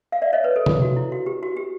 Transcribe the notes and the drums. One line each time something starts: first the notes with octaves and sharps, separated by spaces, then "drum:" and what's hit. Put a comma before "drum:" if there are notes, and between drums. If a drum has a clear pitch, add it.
F5
D5 E5
C#5 D#5
B4 C#5
A4
G#4, drum: tom
F#4
E4
F#4
G4
F#4
G4